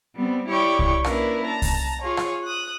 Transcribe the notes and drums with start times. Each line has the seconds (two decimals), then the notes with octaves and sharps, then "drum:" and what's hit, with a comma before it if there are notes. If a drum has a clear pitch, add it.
0.15 G3 B3 C4
0.49 E4 G4 C#5 D5 G5 C#6
0.79 drum: kick C2
1.04 A#3 C#4 D4 E4 A#4 B4, drum: rim click
1.45 A5 A#5
1.62 drum: kick C2, open hi-hat
2.02 F4 G#4 C#5
2.17 drum: rim click
2.45 D#6 F#6